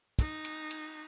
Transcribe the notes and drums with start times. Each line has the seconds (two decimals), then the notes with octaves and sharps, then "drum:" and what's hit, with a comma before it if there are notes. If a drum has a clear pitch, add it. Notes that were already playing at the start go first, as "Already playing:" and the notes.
0.19 D#4, drum: kick, cymbal
0.45 drum: cymbal
0.71 drum: cymbal